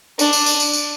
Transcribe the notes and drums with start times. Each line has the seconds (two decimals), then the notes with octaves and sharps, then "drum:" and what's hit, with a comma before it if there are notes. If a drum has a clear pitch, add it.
0.19 D4, drum: tambourine
0.33 drum: tambourine
0.46 drum: tambourine
0.60 drum: tambourine
0.73 drum: tambourine